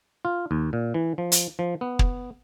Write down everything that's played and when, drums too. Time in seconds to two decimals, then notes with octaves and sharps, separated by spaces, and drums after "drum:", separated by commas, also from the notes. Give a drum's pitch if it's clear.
0.25 F4
0.51 D#2
0.73 A#2
0.94 E3
1.18 F3
1.32 drum: hi-hat
1.59 F3
1.81 B3
1.99 drum: kick